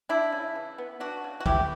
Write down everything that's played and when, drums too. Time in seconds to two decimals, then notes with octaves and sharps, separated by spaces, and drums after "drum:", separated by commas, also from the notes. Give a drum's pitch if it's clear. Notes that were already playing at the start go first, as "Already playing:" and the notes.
0.09 D4 E4
0.32 C#3
0.55 E3
0.78 B3
1.00 D4 F#4
1.24 C#3
1.40 F#4
1.46 E3 E4 G4, drum: kick